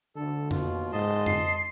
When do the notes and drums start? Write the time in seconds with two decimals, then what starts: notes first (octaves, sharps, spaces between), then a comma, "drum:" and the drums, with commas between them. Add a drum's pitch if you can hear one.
0.16 D3 A4
0.51 D#2 B2 F4, drum: tom F2
0.92 G#2 D#5 A5 C6
1.26 C7, drum: tom F2